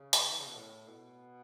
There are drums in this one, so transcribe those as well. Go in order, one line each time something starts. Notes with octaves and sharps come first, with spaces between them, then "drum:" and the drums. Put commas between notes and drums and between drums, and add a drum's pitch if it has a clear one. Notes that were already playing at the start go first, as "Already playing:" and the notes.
Already playing: C#3
drum: hi-hat
E3
C#3
B2
A2
B2